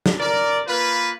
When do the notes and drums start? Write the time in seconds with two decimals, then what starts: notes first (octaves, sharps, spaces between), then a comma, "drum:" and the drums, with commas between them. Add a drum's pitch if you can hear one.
0.06 drum: snare
0.19 A#4 D5
0.67 A#3 F4 B4